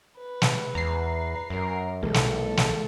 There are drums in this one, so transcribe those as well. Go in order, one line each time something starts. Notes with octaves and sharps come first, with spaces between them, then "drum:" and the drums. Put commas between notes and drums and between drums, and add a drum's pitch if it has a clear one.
B4
drum: snare
E2 A#5 C7
F#2 A#4
B1 E3 G#3 A#3 A4
drum: snare
drum: snare